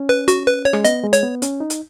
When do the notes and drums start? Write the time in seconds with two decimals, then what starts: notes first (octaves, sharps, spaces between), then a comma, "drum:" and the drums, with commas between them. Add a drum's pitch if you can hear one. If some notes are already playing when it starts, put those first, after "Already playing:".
Already playing: C#4
0.09 B4
0.28 F#4, drum: hi-hat
0.47 B4
0.65 C#5
0.73 G#3, drum: rim click
0.85 B3 D#5, drum: hi-hat
1.03 G#3
1.13 C#5, drum: hi-hat
1.23 B3
1.42 C#4, drum: hi-hat
1.60 D#4
1.70 drum: hi-hat